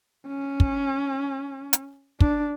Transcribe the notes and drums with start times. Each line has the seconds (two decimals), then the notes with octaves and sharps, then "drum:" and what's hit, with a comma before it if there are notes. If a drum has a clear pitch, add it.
0.27 C#4
0.60 drum: kick
1.73 drum: hi-hat
2.20 D4, drum: kick